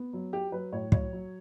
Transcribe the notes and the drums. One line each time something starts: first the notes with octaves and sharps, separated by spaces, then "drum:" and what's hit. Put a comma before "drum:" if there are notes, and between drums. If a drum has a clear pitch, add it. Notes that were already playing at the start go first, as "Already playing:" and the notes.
Already playing: B3
F#3
F#3 G4
F#3 B4
A2 C#5
F#3 C#5, drum: kick
F#3